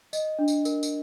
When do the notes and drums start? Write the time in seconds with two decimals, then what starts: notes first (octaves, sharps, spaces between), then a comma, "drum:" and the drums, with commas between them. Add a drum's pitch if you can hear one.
0.13 D#5, drum: tambourine
0.39 D4
0.48 drum: tambourine
0.65 A#4, drum: tambourine
0.83 drum: tambourine